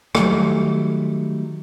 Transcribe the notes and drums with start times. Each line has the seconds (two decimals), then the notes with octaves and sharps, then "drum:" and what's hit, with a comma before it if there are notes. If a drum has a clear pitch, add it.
0.15 D#3 F#3 G3 A3, drum: rim click